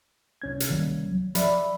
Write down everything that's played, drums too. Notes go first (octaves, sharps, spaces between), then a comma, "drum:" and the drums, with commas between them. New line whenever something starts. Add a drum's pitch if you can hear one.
C2 C#4 G#6
drum: hi-hat
D#3 G3 A#3
F#3
F3 D5 E5 B5, drum: hi-hat